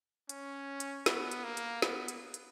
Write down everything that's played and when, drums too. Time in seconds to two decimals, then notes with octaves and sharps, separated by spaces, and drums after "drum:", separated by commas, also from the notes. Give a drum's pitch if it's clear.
0.29 C#4, drum: hi-hat
0.80 drum: hi-hat
1.06 B3, drum: snare
1.31 drum: hi-hat
1.44 A#3
1.57 drum: hi-hat
1.82 B3, drum: snare
2.08 drum: hi-hat
2.34 drum: hi-hat